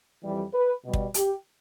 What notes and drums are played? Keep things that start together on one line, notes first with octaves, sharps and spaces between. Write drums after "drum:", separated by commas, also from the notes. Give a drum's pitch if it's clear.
F2 E3 G3
B4
B2 G3
drum: kick
G4, drum: hi-hat